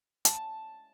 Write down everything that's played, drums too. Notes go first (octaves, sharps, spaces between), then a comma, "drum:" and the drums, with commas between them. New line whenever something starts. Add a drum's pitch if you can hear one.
A5, drum: hi-hat